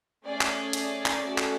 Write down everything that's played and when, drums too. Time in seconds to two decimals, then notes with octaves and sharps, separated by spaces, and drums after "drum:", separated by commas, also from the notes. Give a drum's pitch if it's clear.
0.25 A3 C#4 G#4 D5
0.41 drum: clap
0.73 D5, drum: hi-hat
1.06 drum: clap
1.22 A3 C#4 F#4 A4
1.38 drum: clap